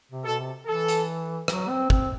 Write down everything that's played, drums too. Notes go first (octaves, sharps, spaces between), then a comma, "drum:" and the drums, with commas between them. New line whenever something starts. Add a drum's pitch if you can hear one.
C3
B2 A4
C3
E3 A4
drum: hi-hat
F#3, drum: rim click
C4
C4, drum: kick